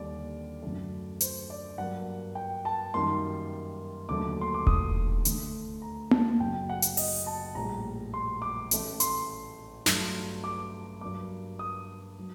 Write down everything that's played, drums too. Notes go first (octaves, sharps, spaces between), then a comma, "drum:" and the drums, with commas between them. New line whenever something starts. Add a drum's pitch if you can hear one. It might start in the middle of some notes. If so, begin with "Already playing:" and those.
Already playing: D#2 D3 G3 D5
F#2 D3 F#3 A3
C5, drum: hi-hat
D5
G2 F#3 A#3 F#5
G5
A5
F#2 D#3 G3 A#3 C6
D#2 D3 F#3 A3 D6
C6
D6
D#6, drum: kick E1
D2 D3 A3, drum: hi-hat
A#5
A5, drum: tom A#3
F#1 F#2 F#3 A3 G5
F#5
drum: hi-hat
D#5, drum: open hi-hat
A5
A#1 A2 G3 A#5
C6
D6
A1 A2 A3, drum: hi-hat
C6, drum: hi-hat
G2 F#3 A3, drum: snare
D6
G2 F#3 A#3 D6
D#6
F#3